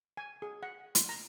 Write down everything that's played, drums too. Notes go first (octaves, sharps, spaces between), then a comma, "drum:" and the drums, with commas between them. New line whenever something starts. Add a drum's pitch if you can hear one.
G#5
G#4
F#5
C6, drum: hi-hat
A#5